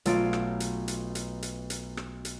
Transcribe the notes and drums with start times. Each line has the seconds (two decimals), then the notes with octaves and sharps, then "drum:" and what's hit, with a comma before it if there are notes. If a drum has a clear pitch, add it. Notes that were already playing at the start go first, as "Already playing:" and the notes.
0.05 B1 A3 F4 A6 D7, drum: hi-hat
0.33 drum: rim click
0.60 drum: hi-hat
0.88 drum: hi-hat
1.15 drum: hi-hat
1.42 drum: hi-hat
1.70 drum: hi-hat
1.97 drum: rim click
2.25 drum: hi-hat